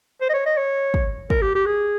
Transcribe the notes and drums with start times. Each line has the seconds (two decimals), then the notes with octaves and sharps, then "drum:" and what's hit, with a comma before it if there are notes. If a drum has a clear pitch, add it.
0.21 C5
0.29 D#5
0.34 C#5
0.46 D#5
0.57 C#5
0.94 drum: kick
1.30 A#4, drum: kick
1.42 G4
1.55 G4
1.66 G#4